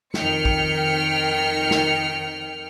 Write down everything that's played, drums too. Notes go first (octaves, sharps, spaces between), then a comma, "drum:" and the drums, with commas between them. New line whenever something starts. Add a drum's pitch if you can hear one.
F2 D#3 G5 F6 C#7, drum: snare
drum: kick
drum: snare